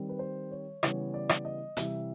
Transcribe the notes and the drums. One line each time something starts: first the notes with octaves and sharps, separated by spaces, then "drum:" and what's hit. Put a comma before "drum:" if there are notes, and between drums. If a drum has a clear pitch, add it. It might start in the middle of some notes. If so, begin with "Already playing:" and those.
Already playing: D#3 G3 C4
B4
C5
C#5
C#3 E3 G3 B3 C#5, drum: rim click
D5
drum: rim click
D#5
C3 E3 G3 E5, drum: hi-hat